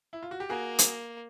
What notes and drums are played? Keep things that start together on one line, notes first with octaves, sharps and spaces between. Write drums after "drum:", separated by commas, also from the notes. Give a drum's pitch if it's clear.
E4
F4
F#4
G4
A#3 F#4 G#4
drum: hi-hat